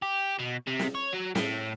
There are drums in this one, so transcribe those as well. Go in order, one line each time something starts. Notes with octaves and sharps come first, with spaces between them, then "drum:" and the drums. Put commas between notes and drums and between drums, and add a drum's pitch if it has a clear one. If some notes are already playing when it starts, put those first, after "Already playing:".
G4
B2
C3
drum: snare
C#5
F#3
A2, drum: snare